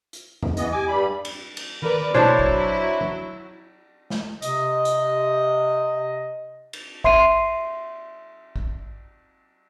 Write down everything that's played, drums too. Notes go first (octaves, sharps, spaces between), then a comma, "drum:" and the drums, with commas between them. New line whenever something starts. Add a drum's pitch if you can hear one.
drum: hi-hat
drum: tom E2
E3 B3 E4 D#5, drum: hi-hat
G4 G#5 D6
G2 G3 B5
drum: cymbal
drum: cymbal
A#4 B4 D5, drum: tom D#3
F#3 D4 E4 C5 C#5 A5, drum: tom B2
drum: kick
drum: snare
C3 D#5, drum: hi-hat
drum: hi-hat
drum: cymbal
E5 C6 C7 D#7, drum: kick
drum: kick